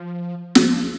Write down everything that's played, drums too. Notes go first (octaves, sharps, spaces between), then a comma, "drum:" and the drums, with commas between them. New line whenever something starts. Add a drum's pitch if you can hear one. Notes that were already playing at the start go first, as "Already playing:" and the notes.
Already playing: F3
F3, drum: snare